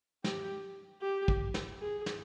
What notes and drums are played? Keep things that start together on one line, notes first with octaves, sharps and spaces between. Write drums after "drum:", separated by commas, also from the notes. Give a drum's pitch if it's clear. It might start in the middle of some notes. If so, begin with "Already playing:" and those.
G4, drum: snare
G4
drum: kick
drum: snare
G#4
drum: snare